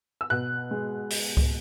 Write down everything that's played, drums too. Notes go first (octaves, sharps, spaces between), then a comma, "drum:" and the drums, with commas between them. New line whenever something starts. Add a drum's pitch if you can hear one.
E6
B2 F#6
G#3
drum: open hi-hat
drum: kick C#2